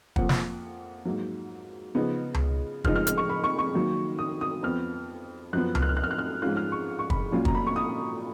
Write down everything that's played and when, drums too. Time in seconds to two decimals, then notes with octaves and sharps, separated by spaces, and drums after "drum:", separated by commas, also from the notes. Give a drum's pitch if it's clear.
0.16 F2 F3 A#3 F#5, drum: kick
0.29 drum: snare
1.05 G#2 F#3 A#3
1.95 C#3 F3 B3 D#4
2.34 drum: tom C#2
2.84 C#3 F3 G#3 D#4 F6, drum: kick
2.96 F6
3.07 F6, drum: hi-hat
3.18 C#6
3.29 B5
3.44 C#6
3.59 C#6
3.74 D#3 F#3 A#3
4.19 D#6
4.41 D#6
4.63 F2 F3 B3 F6
5.53 F#2 F3 B3 F#6
5.75 F6, drum: tom C#2
5.82 F#6
5.89 F6
5.97 F#6
6.04 F6
6.11 F#6
6.18 F6
6.42 G#2 F3 G#3 C#4 F4 F#6
6.57 F6
6.72 C#6
6.99 C#6
7.10 B5, drum: kick
7.32 A#2 F#3 C#4 F4
7.45 A#5, drum: kick
7.55 B5
7.67 C#6
7.76 D#6